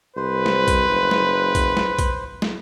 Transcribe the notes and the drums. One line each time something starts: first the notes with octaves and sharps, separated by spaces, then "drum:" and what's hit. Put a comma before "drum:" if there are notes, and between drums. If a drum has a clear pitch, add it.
C2 B4 C5
drum: snare
drum: kick B1, hi-hat
F#1
drum: snare
drum: kick B1, hi-hat
drum: snare
drum: kick B1, hi-hat
drum: snare